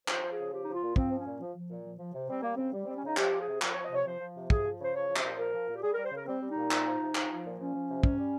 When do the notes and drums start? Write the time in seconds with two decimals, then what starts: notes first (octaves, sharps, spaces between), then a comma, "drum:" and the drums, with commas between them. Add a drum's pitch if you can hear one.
0.08 F3 C5, drum: clap
0.23 F3
0.30 G#4
0.38 C#3
0.52 F3 G4
0.64 F3 D#4
0.74 F4
0.82 A#2
0.96 F3 C4, drum: kick
1.10 F3
1.18 C#4
1.26 A#2
1.41 F3
1.56 F3
1.70 A#2
1.85 F3
1.99 F3
2.14 C3
2.29 G3 C4
2.42 G3 A#3
2.56 C#3 C4
2.73 G3
2.85 G3 C4
2.95 C#4
3.03 C#3 D#4
3.17 F3 G4, drum: clap
3.32 F3
3.40 G#4
3.47 C3
3.61 F3 A#4, drum: clap
3.72 F3 C#5
3.84 D#5
3.91 C3 C#5
4.05 F3 C5
4.20 F3
4.35 C3
4.50 F3 G#4, drum: kick
4.64 F3
4.79 C#3 C5
4.94 F3 C#5
5.09 F3
5.16 C5, drum: clap
5.23 A#2
5.38 F3 A#4
5.54 F3
5.68 A#2
5.76 G4
5.82 G3 G#4
5.93 G3 A#4
6.04 C5
6.12 C#3 A#4
6.27 G3 C4
6.41 G3
6.50 D#4
6.57 A#2
6.71 F3, drum: clap
6.86 F3
7.01 C3
7.15 F3, drum: clap
7.30 F3
7.44 A#2
7.60 F3 C#4
7.74 F3
7.89 C3
8.03 G3 C#4, drum: kick
8.18 G3